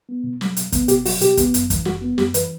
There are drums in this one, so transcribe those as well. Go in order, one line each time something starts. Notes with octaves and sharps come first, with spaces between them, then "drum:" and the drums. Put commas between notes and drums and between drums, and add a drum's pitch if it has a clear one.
B3
B2
F#3, drum: snare
B2, drum: hi-hat
B3, drum: kick, hi-hat
B2 G4, drum: hi-hat
F#3 F#4, drum: open hi-hat
B2 G4, drum: hi-hat
B3, drum: kick, hi-hat
F#2, drum: hi-hat
E3, drum: kick, hi-hat
F#2 F#4, drum: snare
B3
F#2 G4, drum: snare
E3 B4, drum: hi-hat